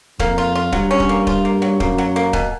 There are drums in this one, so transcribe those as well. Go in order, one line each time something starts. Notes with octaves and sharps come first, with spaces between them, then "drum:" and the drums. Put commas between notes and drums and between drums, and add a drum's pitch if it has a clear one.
F2 A#3, drum: kick D#1
F4
F4
G2 F#3, drum: kick D#1
C#4
drum: kick D#1
A#3
F4, drum: kick D#1
A#3
F#3
F#2 A#3, drum: kick D#1
F#3
A#3
B2, drum: kick D#1